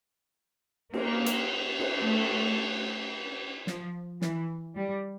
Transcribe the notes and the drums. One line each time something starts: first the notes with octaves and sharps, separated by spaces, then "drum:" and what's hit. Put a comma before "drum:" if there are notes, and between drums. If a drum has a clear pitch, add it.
A#3, drum: cymbal
drum: hi-hat
drum: cymbal
A3
F3, drum: snare
E3, drum: snare
G3